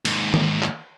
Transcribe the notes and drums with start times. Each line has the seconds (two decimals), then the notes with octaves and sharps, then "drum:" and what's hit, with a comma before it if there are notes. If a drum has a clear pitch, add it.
0.05 D#2 G#2, drum: cymbal
0.34 drum: tom D#3
0.62 drum: clap